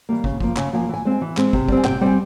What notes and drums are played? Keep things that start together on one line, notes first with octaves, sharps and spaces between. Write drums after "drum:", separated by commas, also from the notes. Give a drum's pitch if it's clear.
E3 G3 A#3
C#3, drum: kick
F3 A#3, drum: kick
C#3 G#5, drum: clap
F3 A#3 G#5
E3 G#5
G#3 C4
G#5
E3
G#3 C4, drum: clap
C3, drum: kick
G3 C4, drum: kick
G#5
C3 G5, drum: clap
G3 C4 G#5